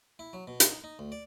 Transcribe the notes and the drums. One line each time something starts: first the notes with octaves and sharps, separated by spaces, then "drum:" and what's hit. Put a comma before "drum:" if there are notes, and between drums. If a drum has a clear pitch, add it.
E4
F#3
B2
D#4, drum: hi-hat
D#4
D2
D5